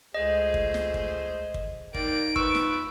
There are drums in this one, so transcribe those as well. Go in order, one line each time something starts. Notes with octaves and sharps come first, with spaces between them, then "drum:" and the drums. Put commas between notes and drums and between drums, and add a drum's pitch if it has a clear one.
C#2 A3 G#4 C5 D#5
drum: kick
drum: snare
drum: kick
drum: kick
A#3 D#4 D5 G5 D7, drum: kick
F3 B4 C#6 E6, drum: kick
drum: snare